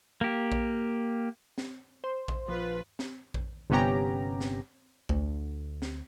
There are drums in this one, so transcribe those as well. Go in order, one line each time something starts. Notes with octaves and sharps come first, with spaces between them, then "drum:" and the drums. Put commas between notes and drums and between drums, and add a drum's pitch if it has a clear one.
A#3 G4
drum: kick A#1
drum: snare C4
C5
drum: kick A#1
A#1 F3 F4 B4
drum: snare C4
drum: kick A#1
G1 C3 B3 C#4 G4 A#5
drum: snare C4
D2, drum: kick A#1
drum: snare C4